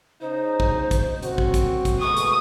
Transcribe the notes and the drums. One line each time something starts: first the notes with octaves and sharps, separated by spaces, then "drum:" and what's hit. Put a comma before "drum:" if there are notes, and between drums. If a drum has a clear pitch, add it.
C#3 D#4 C5
drum: kick
drum: kick, hi-hat
F#2 C4 F#4, drum: hi-hat
drum: kick
drum: kick, hi-hat
drum: kick, hi-hat
G#3 A3 B3 C#6 D#6
drum: hi-hat